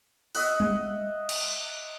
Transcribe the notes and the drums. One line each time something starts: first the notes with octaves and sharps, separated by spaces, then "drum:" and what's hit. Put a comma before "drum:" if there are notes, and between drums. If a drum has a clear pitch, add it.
D#5 E5 F#5, drum: open hi-hat
drum: tom G3
drum: cymbal